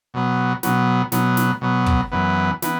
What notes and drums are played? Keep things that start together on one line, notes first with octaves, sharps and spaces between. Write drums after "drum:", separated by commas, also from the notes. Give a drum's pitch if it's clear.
B2 F#3 B3
B2 F#3 B3, drum: snare
B2 F#3 B3, drum: snare
drum: snare
B2 F#3 B3
drum: kick
F#2 E3 B3
E3 B3, drum: snare